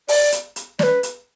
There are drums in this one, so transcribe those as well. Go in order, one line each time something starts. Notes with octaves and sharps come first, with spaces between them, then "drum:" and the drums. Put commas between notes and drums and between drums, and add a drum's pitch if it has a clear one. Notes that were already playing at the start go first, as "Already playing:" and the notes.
D5, drum: open hi-hat
drum: hi-hat
drum: hi-hat
D5, drum: snare
B4
drum: hi-hat